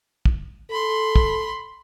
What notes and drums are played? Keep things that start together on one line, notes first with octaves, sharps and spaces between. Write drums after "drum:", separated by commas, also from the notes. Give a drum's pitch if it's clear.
drum: kick
A4 B5 C6
drum: kick